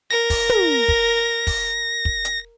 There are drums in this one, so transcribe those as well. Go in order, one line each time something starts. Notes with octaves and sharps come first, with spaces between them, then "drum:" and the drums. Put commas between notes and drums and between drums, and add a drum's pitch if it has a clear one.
A#4 A#6
drum: kick, open hi-hat
drum: tom
drum: kick
drum: kick, open hi-hat
drum: kick
drum: hi-hat